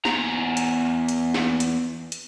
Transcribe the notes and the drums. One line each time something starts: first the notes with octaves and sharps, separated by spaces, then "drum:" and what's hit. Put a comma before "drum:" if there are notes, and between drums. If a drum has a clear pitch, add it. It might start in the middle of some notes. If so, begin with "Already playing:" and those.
E2 A#5, drum: snare
drum: hi-hat
drum: hi-hat
drum: snare
drum: hi-hat
drum: hi-hat